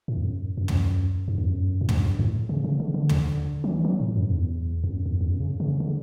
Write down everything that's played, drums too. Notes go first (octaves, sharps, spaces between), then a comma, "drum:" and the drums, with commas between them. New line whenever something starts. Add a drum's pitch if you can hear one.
A2
E2
F#2
F#2
drum: tom
G2
E2
F#2
A2
G2, drum: tom
F#2
G2
A2
C#3
C#3
D3
D3
drum: tom
F#3
E3
F#3
A2
F#2
E2
E2
F#2
E2
E2
F#2
C#3
D3
C#3
D3